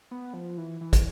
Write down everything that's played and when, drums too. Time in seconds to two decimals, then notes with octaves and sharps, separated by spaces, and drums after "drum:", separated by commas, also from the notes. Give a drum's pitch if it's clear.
0.11 B3
0.34 F3
0.57 E3
0.81 E3
0.93 drum: kick, hi-hat